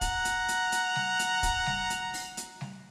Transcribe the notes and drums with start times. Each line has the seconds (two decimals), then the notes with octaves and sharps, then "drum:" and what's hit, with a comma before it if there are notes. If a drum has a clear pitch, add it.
0.01 F#5 A#5, drum: kick, hi-hat
0.25 drum: hi-hat
0.48 drum: hi-hat
0.72 drum: hi-hat
0.96 drum: snare G3
1.19 drum: hi-hat
1.43 drum: kick, hi-hat
1.66 drum: snare G3
1.90 drum: hi-hat
2.14 drum: open hi-hat
2.37 drum: hi-hat
2.61 drum: snare G3